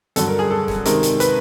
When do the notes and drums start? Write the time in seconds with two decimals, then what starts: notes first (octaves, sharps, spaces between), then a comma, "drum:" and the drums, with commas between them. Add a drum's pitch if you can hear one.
0.16 G2 D3 F#3 A4, drum: hi-hat
0.28 A#4
0.39 G#4
0.50 A4
0.68 drum: snare
0.85 C3 D#3 G#3 A#4, drum: hi-hat
1.03 drum: hi-hat
1.20 B4, drum: hi-hat